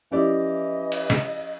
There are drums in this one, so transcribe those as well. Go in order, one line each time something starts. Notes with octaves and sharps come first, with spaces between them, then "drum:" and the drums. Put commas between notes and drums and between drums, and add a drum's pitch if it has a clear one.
E3 F3 C#4 E4 G4 D5 D#5
drum: cymbal
drum: snare